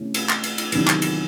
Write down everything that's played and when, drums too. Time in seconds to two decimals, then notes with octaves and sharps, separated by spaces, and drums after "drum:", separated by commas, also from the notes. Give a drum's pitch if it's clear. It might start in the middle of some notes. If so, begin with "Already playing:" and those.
Already playing: C3 E3 A3 C#4
0.14 drum: cymbal
0.29 drum: clap
0.44 drum: cymbal
0.58 drum: cymbal
0.72 E2 C3 D#3 F#3, drum: cymbal
0.87 drum: clap
1.02 drum: cymbal